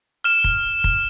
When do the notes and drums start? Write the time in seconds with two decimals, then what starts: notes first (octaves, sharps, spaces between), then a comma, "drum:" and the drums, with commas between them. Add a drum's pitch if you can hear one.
0.24 F6 E7
0.44 drum: kick
0.84 drum: kick